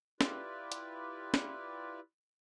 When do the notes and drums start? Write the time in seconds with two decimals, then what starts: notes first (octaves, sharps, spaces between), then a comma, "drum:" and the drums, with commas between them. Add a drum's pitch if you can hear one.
0.21 E4 F4 G4 B4 D5, drum: snare
0.72 drum: hi-hat
1.34 drum: snare